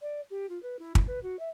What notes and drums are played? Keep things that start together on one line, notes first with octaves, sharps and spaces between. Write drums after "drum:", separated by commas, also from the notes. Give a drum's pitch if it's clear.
D5
G4
F4
B4
E4
E4, drum: kick
B4
F#4
E5